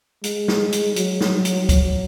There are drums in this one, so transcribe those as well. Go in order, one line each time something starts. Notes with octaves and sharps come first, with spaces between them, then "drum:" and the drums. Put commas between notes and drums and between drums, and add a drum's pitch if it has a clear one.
G#3, drum: hi-hat
drum: snare
drum: hi-hat
F#3, drum: hi-hat
drum: snare
drum: hi-hat
F#3, drum: kick C#2, hi-hat